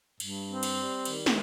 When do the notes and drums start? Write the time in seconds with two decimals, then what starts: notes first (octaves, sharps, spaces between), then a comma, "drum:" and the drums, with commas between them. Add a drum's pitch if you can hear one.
0.20 G2, drum: cymbal
0.48 C4
0.63 drum: cymbal
0.77 G3
1.05 D#3, drum: cymbal
1.26 drum: snare